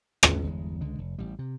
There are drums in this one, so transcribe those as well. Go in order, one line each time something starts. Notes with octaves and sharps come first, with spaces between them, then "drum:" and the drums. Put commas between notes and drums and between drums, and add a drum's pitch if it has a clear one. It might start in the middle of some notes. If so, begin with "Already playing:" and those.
G#1 D2 G#2 C#3, drum: rim click
G1 E2 G#3
C#2 D3 G#3
F1
A1 G3
C3